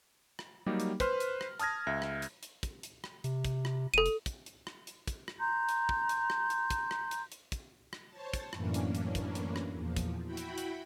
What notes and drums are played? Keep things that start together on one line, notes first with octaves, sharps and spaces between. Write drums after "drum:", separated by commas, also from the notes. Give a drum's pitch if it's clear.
drum: rim click
F#3 G3 A#3 D#4 G4
drum: hi-hat
B4 C5 C6 F6, drum: kick, hi-hat
drum: hi-hat
drum: rim click
A5 D#6 F6 G#6 A#6, drum: hi-hat
C#2 E5 A#6
drum: rim click
drum: hi-hat
drum: hi-hat
drum: kick, hi-hat
drum: hi-hat
drum: rim click
C3, drum: hi-hat
drum: kick, hi-hat
drum: rim click
F1 A4 D#7
drum: hi-hat
drum: kick, hi-hat
drum: hi-hat
drum: rim click
drum: hi-hat
drum: kick, hi-hat
drum: rim click
A#5 C6 G6
drum: hi-hat
drum: kick
drum: hi-hat
drum: rim click
drum: hi-hat
drum: kick, hi-hat
drum: rim click
drum: hi-hat
drum: hi-hat
drum: kick, hi-hat
drum: rim click
C5 C#5 A5
drum: kick, hi-hat
F#2 A2 E3 A#3 C#4 D4, drum: rim click
drum: hi-hat
drum: hi-hat
drum: kick, hi-hat
drum: hi-hat
drum: rim click
E2 A#2 F3
drum: kick, hi-hat
E4 F#4 G5 B5
drum: hi-hat
drum: hi-hat